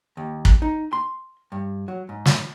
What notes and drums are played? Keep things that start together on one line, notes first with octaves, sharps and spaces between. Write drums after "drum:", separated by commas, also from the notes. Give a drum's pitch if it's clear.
D#2
drum: kick
D#4
C6
G2
F#3
G#2
drum: snare